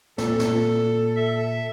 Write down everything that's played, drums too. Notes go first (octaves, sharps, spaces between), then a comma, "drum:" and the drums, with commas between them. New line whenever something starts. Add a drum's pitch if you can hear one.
A#2 A4, drum: snare
drum: snare
E5